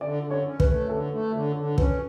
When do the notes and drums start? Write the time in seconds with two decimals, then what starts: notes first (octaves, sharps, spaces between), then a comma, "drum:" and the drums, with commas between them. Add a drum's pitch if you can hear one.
0.01 D3 D5
0.23 D3
0.31 C#5
0.45 C#4
0.60 B4, drum: kick
0.67 A3
0.89 D3 A4
1.12 A3
1.33 D3
1.56 D3
1.78 C#4 B4, drum: kick